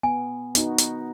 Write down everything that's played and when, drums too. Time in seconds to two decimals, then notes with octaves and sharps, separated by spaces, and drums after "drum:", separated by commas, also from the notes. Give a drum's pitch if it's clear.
0.03 B3 G#5
0.55 B3 D#4 F#4, drum: hi-hat
0.78 drum: hi-hat